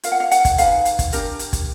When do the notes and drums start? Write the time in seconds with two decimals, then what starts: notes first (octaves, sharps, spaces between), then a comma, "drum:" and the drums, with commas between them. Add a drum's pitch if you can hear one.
0.03 F4 A#4 F5, drum: hi-hat
0.12 F#5
0.20 F5
0.31 F#5, drum: hi-hat
0.45 drum: kick, hi-hat
0.58 D#4 G#4 B4 F5, drum: hi-hat
0.85 drum: hi-hat
0.99 drum: kick, hi-hat
1.13 D4 G4 A#4, drum: hi-hat
1.39 drum: hi-hat
1.53 drum: kick, hi-hat